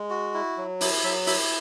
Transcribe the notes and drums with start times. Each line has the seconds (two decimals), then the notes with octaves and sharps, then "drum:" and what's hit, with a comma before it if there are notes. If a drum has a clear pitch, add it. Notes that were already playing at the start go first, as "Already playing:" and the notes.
Already playing: G#3
0.10 F#4
0.34 E4
0.57 F#3
0.81 E4, drum: open hi-hat
1.04 F#3 E5
1.27 E4 E5, drum: open hi-hat